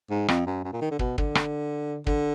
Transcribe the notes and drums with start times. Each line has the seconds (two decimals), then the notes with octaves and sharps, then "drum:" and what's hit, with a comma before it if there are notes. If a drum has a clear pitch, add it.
0.10 G#2
0.28 F2, drum: rim click
0.46 F#2
0.64 F#2
0.73 A#2
0.81 D#3
0.91 D3
0.99 B2, drum: kick
1.18 D3, drum: kick
1.35 drum: rim click
2.07 D3, drum: kick